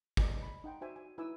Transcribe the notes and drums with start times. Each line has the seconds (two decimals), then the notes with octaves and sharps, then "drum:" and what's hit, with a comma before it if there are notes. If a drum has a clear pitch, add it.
0.17 D5 D#5 G#5 A#5 D6, drum: kick
0.43 B5
0.64 D#4 F#5 G5 C6
0.81 D#4 F#4 C5 D5 E5 G#5
0.96 G#5
1.18 D#4 E4 B4 G#5 D6 E6